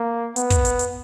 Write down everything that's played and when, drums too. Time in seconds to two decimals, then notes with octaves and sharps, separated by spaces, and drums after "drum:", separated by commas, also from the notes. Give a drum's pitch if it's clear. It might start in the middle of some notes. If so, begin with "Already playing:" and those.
Already playing: A#3
0.36 B3, drum: hi-hat
0.50 drum: kick, hi-hat
0.65 drum: hi-hat
0.79 drum: hi-hat